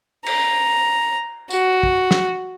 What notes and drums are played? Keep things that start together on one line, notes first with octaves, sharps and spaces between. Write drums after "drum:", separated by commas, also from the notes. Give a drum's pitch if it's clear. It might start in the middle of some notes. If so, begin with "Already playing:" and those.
A#5, drum: cymbal
F#4, drum: tambourine
drum: kick
drum: snare